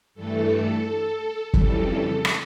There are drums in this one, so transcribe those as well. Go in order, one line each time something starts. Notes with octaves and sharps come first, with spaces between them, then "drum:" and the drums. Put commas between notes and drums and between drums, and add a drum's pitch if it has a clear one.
G2 E3 A3 A4
F2 C#3 E3 G3 A4, drum: kick
drum: rim click